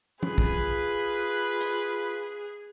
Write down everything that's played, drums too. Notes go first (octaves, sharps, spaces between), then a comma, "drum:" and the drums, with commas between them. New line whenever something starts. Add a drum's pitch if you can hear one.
F4 G#4 B4, drum: tom
drum: kick
drum: hi-hat